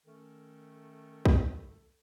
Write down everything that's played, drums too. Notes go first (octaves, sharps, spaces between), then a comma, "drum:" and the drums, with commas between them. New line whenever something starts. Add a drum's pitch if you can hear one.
D#3 A3 C#4 A4
drum: kick B1